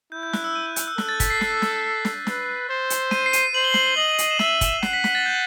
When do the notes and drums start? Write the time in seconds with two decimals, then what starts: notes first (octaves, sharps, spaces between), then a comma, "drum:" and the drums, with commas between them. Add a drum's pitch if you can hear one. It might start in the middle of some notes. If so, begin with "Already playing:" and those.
0.12 E4 G6
0.23 G6
0.33 F#6, drum: snare
0.44 E6
0.55 D#7
0.66 E6
0.76 G6, drum: hi-hat
0.87 E6
0.98 A4 F#6, drum: snare
1.09 A6
1.20 B6, drum: kick, hi-hat
1.30 C7
1.41 C7, drum: snare
1.62 drum: snare
2.05 drum: snare
2.27 B4, drum: snare
2.69 C5
2.90 drum: hi-hat
3.11 D#7, drum: snare
3.26 C7
3.33 D#7, drum: hi-hat
3.54 C5 F#7
3.64 G7
3.74 F#7, drum: snare
3.87 G7
3.96 D#5 F#7
4.18 drum: hi-hat
4.31 E7
4.39 E5 D#7, drum: snare
4.61 drum: kick, hi-hat
4.83 F#5 C7, drum: snare
4.93 B6
5.04 B6, drum: snare
5.15 A6
5.26 G6